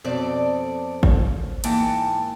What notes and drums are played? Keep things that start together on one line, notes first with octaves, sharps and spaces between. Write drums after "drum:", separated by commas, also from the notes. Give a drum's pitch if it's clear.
F2 B2 C4 A4 D5
drum: kick G#1
G#2 E3 A#3 F#5 G5 A5, drum: cymbal